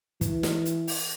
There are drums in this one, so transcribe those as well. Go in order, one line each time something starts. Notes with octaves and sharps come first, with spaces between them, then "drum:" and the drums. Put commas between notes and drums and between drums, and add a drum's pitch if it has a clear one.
E3, drum: kick, hi-hat
drum: snare
drum: hi-hat
drum: open hi-hat